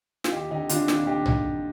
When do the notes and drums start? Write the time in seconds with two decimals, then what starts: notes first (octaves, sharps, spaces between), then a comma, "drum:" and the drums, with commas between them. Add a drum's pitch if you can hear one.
0.24 F4, drum: snare
0.32 D#2 D#4 G4
0.50 D3 D#4 G4
0.69 D3 D4 F4, drum: hi-hat
0.88 D#2 D4 F4, drum: snare
1.07 D#2 D#4 G4
1.26 D3, drum: tom B1